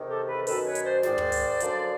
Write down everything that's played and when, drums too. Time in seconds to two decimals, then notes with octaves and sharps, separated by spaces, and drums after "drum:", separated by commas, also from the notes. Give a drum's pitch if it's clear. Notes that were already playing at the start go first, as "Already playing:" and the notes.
Already playing: E2 C3 D#3
0.08 G4 A4
0.28 A4 B4
0.47 F#2 D#3 A4 B4, drum: open hi-hat
0.66 B4 C#5
0.75 drum: hi-hat
0.85 C5 D5
1.03 G#2 D#3 C5 D5, drum: snare
1.18 drum: tom
1.32 drum: open hi-hat
1.60 F#2 D3 F3, drum: hi-hat